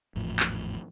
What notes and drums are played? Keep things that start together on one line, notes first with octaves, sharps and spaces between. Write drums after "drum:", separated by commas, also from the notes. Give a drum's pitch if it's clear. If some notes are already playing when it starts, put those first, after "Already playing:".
G#1 E2 A2 F3
drum: clap